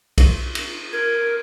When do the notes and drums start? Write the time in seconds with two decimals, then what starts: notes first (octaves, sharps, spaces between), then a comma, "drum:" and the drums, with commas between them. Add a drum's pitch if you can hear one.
0.18 drum: kick B1, cymbal
0.55 drum: cymbal
0.93 A#4 G#6